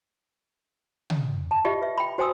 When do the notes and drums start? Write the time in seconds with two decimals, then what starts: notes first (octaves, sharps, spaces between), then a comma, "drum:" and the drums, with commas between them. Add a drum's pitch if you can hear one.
1.10 drum: tom
1.51 A5
1.65 F4 G4 D#5 E5
1.82 B4 E5
1.98 G5 B5
2.18 F#4 C5 G5 G#5 D#6 E6